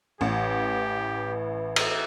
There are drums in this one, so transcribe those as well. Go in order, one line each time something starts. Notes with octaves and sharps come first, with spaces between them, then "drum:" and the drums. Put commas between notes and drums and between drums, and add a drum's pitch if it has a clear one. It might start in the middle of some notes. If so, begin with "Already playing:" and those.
A1 E3 G4
drum: cymbal